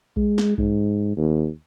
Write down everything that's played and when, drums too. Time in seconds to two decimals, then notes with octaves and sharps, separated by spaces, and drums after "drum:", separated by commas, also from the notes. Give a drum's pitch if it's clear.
0.17 G#3, drum: kick B1
0.38 drum: snare
0.58 G#2, drum: kick B1
1.17 D#2